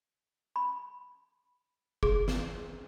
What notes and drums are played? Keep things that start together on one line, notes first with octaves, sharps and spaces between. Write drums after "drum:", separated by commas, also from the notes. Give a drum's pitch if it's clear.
B5
G#4, drum: kick F#1
drum: snare